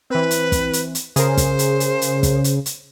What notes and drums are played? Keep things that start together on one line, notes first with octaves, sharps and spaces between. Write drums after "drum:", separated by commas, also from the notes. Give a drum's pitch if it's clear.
E3 C4 B4
drum: hi-hat
drum: kick, hi-hat
drum: hi-hat
drum: hi-hat
C#3 G#4 A#4 C5, drum: hi-hat
drum: kick, hi-hat
drum: hi-hat
drum: hi-hat
drum: hi-hat
drum: kick, hi-hat
drum: hi-hat
drum: hi-hat